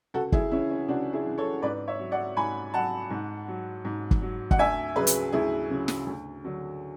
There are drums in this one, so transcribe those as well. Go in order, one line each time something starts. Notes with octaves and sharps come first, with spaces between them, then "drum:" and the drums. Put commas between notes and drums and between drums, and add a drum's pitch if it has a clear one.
C#2 F#4 A4
E4 G#4, drum: kick
C#3 E3 C#4 E4
C#4
C#2 D4 F#4
E4 G#4
C#3 E3
A4 C#5
G#2 B4 D5
C#5 E5
F#3
D5 F#5
G#2 G#5 B5
F#3 F#5 A5
G#2
F#3
G#2
drum: kick
F#3
F#5, drum: kick
D2 E5 G#5
C#3 F#3 G#4 B4
drum: hi-hat
D2 E4 G#4
C#3 F#3
drum: snare
D2
D3 F#3